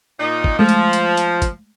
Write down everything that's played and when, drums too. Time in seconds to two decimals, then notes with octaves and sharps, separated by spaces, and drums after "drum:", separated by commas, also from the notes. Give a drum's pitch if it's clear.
0.20 A#2 D#4
0.44 drum: kick
0.59 F3 G#3 A3
0.69 drum: hi-hat
0.93 drum: hi-hat
1.17 drum: hi-hat
1.42 drum: kick, hi-hat